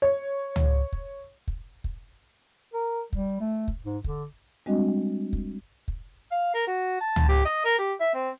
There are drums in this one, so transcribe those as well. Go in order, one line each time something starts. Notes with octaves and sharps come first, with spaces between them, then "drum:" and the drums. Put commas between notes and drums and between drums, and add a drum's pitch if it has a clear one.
C#5
drum: tom C#2
drum: kick
drum: kick
drum: kick
A#4
G3, drum: kick
A3
drum: kick
G#2
D3, drum: kick
G3 G#3 C4 D4 F#4 D#5
drum: kick
drum: kick
F5
A#4
F#4
A5
drum: tom C#2
G4
D#5
A#4
G4
E5
C4